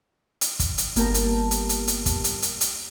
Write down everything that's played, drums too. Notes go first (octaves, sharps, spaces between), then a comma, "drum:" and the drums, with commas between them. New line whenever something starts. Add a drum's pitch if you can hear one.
drum: hi-hat
drum: kick, hi-hat
drum: hi-hat
G1 A#3 B3 G4 A#4 A5, drum: hi-hat
drum: hi-hat
drum: hi-hat
drum: hi-hat
drum: hi-hat
drum: kick, hi-hat
drum: hi-hat
drum: hi-hat
drum: hi-hat